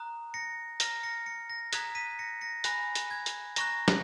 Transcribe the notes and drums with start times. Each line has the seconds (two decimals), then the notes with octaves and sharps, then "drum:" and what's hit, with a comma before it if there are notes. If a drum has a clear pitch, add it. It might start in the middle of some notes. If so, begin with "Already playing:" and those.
Already playing: A#5 D#6 F#6
0.34 A#6 C#7
0.80 A#5 F6 A#6, drum: hi-hat
1.03 A#6 C#7
1.26 A#6 C#7
1.50 A#6
1.73 A#5 D#6 F#6 G#6 B6, drum: hi-hat
1.95 B6 D#7
2.19 A#6 C#7
2.41 A#6 C#7
2.64 G#5 B5 F#6 A#6, drum: hi-hat
2.95 drum: hi-hat
3.11 G#6
3.26 drum: hi-hat
3.56 A#5 C#6 F#6 A#6, drum: hi-hat
3.88 drum: snare